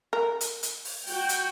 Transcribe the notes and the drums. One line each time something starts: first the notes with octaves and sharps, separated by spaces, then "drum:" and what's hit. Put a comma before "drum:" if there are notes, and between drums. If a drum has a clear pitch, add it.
A#4
drum: hi-hat
drum: hi-hat
drum: open hi-hat
F#4 G5, drum: open hi-hat
drum: hi-hat